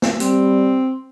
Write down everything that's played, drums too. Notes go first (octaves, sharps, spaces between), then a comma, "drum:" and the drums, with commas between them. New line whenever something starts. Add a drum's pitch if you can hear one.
drum: snare
G3 C4, drum: hi-hat